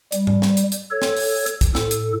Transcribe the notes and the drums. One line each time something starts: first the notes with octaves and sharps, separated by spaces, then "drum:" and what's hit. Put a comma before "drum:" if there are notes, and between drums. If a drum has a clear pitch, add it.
G3, drum: hi-hat
drum: tom G#2
drum: snare
drum: hi-hat
drum: hi-hat
A4 C#5
drum: snare
drum: open hi-hat
drum: hi-hat
drum: kick, hi-hat
A2 A4, drum: snare
drum: hi-hat